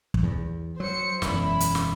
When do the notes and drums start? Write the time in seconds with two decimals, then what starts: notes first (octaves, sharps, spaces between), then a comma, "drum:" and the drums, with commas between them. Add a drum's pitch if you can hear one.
0.14 drum: kick
0.23 E2
0.80 F#3 C5 C#7
1.22 E1 F#2 E4 B5, drum: snare
1.60 drum: hi-hat
1.75 drum: snare